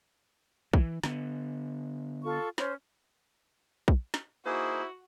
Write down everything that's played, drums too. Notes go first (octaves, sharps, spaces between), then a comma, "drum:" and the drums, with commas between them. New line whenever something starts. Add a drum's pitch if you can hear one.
E3, drum: kick
D3 B3, drum: snare
F4 A4 C#6
C#4 C5 C#5, drum: snare
drum: kick
drum: snare
A#3 D#4 E4 F#4 G#4 C5